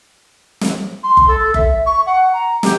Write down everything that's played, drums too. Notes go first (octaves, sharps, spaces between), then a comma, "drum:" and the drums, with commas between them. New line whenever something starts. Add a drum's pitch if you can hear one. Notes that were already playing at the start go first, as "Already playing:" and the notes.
drum: snare
C6
drum: kick F#1
A4
E5, drum: kick F#1
C#6
F#5
A#5
G4, drum: snare